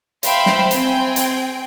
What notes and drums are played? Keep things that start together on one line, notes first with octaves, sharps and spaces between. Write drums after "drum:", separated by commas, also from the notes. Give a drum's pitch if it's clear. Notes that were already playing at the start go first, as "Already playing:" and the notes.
C5 E5 F5 G5 B5 C6, drum: hi-hat
drum: snare
C4 G5 G#5, drum: hi-hat
drum: hi-hat